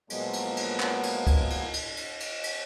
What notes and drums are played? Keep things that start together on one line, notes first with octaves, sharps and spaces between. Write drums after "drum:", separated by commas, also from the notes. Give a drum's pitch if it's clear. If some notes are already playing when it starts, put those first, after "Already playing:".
A#2 F3 F#3 G#3 B3, drum: cymbal
drum: cymbal
drum: cymbal
drum: clap
drum: cymbal
drum: kick, cymbal
drum: cymbal
drum: cymbal
drum: cymbal
drum: cymbal
drum: cymbal